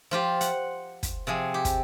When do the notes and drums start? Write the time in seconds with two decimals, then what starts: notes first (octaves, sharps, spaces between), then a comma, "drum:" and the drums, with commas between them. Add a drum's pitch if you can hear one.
0.11 F3 F4 G4
0.41 F#5, drum: hi-hat
1.03 drum: kick, hi-hat
1.27 C3 F3 G#4
1.54 G4
1.65 drum: kick, hi-hat